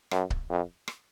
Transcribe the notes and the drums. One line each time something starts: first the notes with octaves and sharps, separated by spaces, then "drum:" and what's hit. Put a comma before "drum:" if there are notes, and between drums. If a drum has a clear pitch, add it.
F#2, drum: rim click
drum: kick C#1
F2
drum: rim click